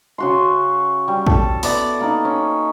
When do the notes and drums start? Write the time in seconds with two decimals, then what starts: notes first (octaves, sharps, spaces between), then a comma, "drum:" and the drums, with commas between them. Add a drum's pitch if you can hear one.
0.18 C#3 F#4 C6
1.08 G3
1.27 A4, drum: kick
1.63 B3 E4 D5, drum: open hi-hat
2.00 A#3 D#4
2.25 C#4